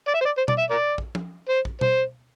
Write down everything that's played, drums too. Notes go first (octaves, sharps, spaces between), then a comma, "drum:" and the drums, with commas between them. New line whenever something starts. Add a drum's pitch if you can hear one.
D5
E5
C5
D5
C5
D5, drum: tom B2
E5
A#4 D5
drum: kick
drum: tom
C5
drum: kick
C5, drum: tom B2